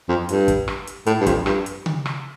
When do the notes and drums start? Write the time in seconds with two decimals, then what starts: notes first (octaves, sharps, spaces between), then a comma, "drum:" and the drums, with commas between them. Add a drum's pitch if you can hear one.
0.09 F2
0.29 G2, drum: hi-hat
0.48 drum: kick, hi-hat
0.68 drum: rim click
0.87 drum: hi-hat
1.06 A2, drum: hi-hat
1.21 G2
1.26 F2, drum: kick, hi-hat
1.46 G2, drum: rim click
1.66 drum: hi-hat
1.86 drum: tom C#3
2.06 drum: rim click